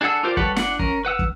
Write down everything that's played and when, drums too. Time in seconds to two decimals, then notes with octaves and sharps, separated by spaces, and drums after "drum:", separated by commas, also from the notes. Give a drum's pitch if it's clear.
0.01 D4 G#4 A4 F#5 E6
0.23 F4 G4 A#4 C5 D5
0.37 G3 A4 B4 C#5 F#5, drum: kick
0.56 D4 F#5, drum: snare
0.79 C#4 A#4, drum: kick
1.05 B4 F#5 E6 F6
1.19 drum: kick